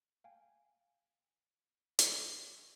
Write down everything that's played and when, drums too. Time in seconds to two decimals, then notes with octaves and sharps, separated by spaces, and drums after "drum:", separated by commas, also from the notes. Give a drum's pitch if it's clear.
0.24 F5 G5 G#5
1.99 drum: hi-hat